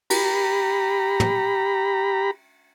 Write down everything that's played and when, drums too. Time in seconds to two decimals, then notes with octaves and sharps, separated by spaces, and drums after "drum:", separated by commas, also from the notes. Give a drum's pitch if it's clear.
0.10 G4 A#5 B5, drum: cymbal
1.20 drum: tom